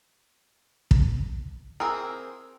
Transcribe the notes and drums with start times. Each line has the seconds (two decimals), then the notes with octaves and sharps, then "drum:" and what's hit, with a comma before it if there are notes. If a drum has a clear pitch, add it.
0.91 drum: kick
1.80 E3 C4 G#4 A#4